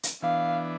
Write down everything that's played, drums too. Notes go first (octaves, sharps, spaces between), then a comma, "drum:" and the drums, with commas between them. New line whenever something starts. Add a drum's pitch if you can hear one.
drum: hi-hat
E3 B3 D4 F5